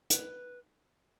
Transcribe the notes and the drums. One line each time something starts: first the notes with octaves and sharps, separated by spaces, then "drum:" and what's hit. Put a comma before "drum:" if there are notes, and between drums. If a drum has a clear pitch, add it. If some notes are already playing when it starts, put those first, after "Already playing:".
B4, drum: hi-hat